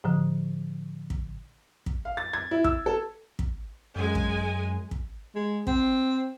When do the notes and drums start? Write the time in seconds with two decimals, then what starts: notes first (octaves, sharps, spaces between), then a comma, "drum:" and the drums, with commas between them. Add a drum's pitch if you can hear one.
0.04 A2 D3 F3
1.10 drum: kick
1.86 drum: kick
2.05 F5
2.17 A6
2.33 G#6
2.51 E4
2.64 E6, drum: kick
2.86 A4
3.39 drum: kick
3.96 F#2 G#3 G#5
4.15 drum: kick
4.91 drum: kick
5.35 G#3
5.67 C4, drum: kick